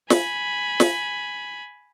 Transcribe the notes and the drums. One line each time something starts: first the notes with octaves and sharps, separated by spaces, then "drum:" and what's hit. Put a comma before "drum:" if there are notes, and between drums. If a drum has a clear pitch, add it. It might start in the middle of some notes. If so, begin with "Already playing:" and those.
G#5 B5, drum: snare
drum: snare